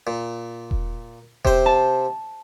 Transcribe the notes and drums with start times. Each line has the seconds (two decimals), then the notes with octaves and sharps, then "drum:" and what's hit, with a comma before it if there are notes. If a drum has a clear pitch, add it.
0.07 A#2
0.71 drum: kick E1
1.45 C3 C5, drum: kick E1
1.66 A5